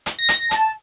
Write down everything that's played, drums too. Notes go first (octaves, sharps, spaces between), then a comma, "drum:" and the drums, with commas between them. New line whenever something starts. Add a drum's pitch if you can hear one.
drum: hi-hat
A#6
drum: hi-hat
A5, drum: hi-hat